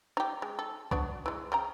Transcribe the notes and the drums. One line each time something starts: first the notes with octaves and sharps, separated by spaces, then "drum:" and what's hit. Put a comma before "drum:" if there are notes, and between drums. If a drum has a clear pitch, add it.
D#4 G4
G#3
A4
B3 D4 F#4, drum: kick C2
E3 G#3
C#3 G5 A#5